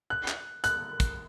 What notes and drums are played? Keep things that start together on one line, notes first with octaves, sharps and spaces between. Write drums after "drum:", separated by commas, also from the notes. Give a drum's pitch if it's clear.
F#6
drum: clap
F#6, drum: hi-hat
drum: kick, hi-hat